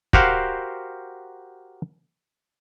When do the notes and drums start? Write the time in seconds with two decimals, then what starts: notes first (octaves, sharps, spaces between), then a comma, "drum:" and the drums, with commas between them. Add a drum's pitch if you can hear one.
0.13 F#4 G4 A#4 C5 F5 F#5, drum: kick